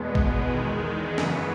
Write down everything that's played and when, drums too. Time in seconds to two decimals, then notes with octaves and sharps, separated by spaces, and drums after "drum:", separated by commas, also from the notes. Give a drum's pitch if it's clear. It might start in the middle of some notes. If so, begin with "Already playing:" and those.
Already playing: E2 B2 G#3 B3
0.15 drum: kick G#1
0.52 E2 D#3 G#3
1.18 F#2 C#3 E3 B3, drum: snare